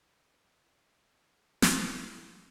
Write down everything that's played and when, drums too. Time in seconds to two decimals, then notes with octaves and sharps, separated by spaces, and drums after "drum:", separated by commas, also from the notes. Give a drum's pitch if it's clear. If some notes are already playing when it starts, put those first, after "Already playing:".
1.62 E4, drum: snare